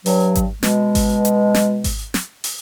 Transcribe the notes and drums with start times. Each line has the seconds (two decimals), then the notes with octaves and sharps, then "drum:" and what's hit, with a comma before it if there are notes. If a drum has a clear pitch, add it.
0.06 G2 F#3, drum: open hi-hat
0.35 drum: kick G#1, hi-hat
0.63 B2 G#3, drum: snare
0.95 drum: kick G#1, open hi-hat
1.25 drum: hi-hat
1.54 drum: snare
1.84 drum: kick G#1, open hi-hat
2.14 drum: snare
2.44 drum: open hi-hat